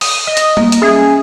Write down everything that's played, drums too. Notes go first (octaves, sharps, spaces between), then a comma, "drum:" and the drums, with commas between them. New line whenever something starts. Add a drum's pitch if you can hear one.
D#6, drum: open hi-hat
D#5
drum: hi-hat
A#3, drum: tom G3
drum: hi-hat
C#4 G#4 E5